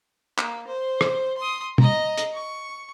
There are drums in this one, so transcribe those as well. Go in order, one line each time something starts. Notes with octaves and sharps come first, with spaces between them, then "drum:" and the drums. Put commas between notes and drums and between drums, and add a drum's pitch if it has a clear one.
A#3, drum: clap
C5
drum: rim click
C6 D#6
D#5 A#5, drum: tom B2
drum: hi-hat
C#6